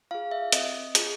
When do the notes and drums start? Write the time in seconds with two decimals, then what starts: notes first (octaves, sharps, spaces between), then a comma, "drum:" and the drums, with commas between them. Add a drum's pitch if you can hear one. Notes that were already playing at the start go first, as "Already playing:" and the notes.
0.11 F4 G#4 F5
0.31 E5
0.52 C4 D#5, drum: hi-hat
0.95 F4 G#4, drum: hi-hat